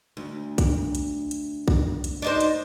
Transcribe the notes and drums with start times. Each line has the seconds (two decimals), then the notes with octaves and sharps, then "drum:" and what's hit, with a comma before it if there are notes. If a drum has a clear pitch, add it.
0.17 D2
0.58 drum: kick, hi-hat
0.95 drum: hi-hat
1.31 drum: hi-hat
1.68 drum: kick
2.04 drum: hi-hat
2.22 D4 D#4 C5
2.41 drum: hi-hat